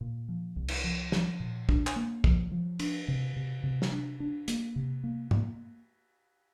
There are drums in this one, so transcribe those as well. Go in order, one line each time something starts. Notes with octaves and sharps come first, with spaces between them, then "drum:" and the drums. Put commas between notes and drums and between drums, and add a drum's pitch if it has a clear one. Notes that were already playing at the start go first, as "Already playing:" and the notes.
A#2
F3
C2
drum: cymbal
F3
F3, drum: snare
A#2
D4, drum: kick
drum: clap
A#3
F3, drum: kick
F3
D4, drum: cymbal
C3
C3
C3
drum: snare
D4
D4
A#3, drum: hi-hat
C3
A#3
A#3, drum: tom